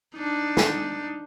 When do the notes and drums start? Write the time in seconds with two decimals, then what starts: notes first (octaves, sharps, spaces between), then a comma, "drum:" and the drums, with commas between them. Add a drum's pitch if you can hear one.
0.15 D4 D#4
0.57 drum: snare